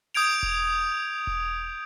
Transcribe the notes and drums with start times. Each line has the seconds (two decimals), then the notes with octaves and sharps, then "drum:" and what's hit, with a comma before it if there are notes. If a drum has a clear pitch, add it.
0.15 D#6 G6 G#6 D7 F7
0.43 drum: kick E1
1.27 drum: kick E1